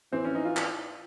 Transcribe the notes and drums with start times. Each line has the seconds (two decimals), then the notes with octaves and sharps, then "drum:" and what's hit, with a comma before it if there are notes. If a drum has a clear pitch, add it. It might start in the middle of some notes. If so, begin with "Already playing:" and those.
0.12 E3 C4
0.25 C#4
0.35 D#4
0.45 F4
0.57 drum: clap